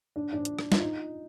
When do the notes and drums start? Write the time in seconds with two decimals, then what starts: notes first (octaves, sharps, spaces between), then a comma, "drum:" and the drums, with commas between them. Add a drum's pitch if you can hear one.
0.16 D4
0.33 D4
0.45 drum: hi-hat
0.59 drum: rim click
0.72 F4, drum: snare
0.80 D#4